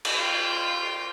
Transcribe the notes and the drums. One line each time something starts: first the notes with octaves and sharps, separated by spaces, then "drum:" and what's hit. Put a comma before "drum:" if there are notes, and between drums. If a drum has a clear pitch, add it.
drum: cymbal
F4 G5